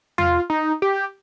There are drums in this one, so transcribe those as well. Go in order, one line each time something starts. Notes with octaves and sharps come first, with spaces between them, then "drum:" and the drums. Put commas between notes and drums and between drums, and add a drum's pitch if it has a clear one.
F4, drum: tom E2
D#4
G4